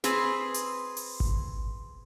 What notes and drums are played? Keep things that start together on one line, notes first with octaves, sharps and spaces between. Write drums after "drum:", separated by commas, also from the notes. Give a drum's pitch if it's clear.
C4 G#4 B4, drum: snare
drum: hi-hat
drum: open hi-hat
drum: kick G#1